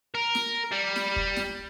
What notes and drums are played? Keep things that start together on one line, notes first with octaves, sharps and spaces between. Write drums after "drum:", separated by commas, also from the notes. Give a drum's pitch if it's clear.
A#4
drum: snare
G3
drum: snare
drum: kick
drum: snare